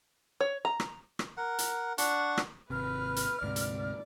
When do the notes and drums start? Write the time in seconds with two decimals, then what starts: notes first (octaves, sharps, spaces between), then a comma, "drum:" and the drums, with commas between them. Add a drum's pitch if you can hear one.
0.41 C#5
0.65 A#5
0.80 drum: rim click
1.19 drum: rim click
1.37 A#4 F#5
1.59 drum: hi-hat
1.98 D4 F#5 C#6, drum: hi-hat
2.38 drum: rim click
2.70 G#1 C3 B4 F6
3.16 drum: hi-hat
3.42 D2 G#2 C3 D5
3.56 drum: hi-hat